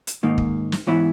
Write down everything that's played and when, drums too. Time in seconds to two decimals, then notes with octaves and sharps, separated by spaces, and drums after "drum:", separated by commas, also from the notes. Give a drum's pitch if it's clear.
0.07 drum: hi-hat
0.23 G#2 D#3 A#3 D#4
0.38 drum: kick
0.72 drum: snare
0.87 G#2 E3 B3 E4 C#5